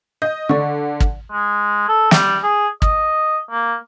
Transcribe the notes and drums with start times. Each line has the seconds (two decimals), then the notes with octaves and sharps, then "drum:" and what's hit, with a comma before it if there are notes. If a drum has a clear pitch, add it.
0.22 D#5 G6
0.49 D3 D5 C#6
1.00 drum: kick
1.32 G#3
1.89 A4
2.11 G3, drum: snare
2.43 G#4
2.82 D#5, drum: kick
3.51 A#3